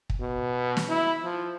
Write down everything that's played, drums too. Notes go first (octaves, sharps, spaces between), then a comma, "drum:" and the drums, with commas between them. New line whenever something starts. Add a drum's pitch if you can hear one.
drum: kick
B2
drum: snare
E4
F3